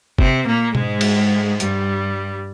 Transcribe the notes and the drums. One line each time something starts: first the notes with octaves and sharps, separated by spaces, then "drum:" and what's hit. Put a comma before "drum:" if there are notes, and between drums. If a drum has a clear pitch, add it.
C3 C4, drum: kick F#1
A#2 A#3
G#2 G#3, drum: tom B2
drum: cymbal
G2 G3, drum: hi-hat